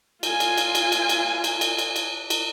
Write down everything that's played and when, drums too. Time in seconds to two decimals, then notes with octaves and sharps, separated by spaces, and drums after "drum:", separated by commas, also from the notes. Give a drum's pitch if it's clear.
0.23 F4 G#5, drum: cymbal
0.40 drum: cymbal
0.58 drum: cymbal
0.75 drum: cymbal
0.92 drum: cymbal
1.09 drum: cymbal
1.44 drum: cymbal
1.61 drum: cymbal
1.79 drum: cymbal
1.96 drum: cymbal
2.30 drum: cymbal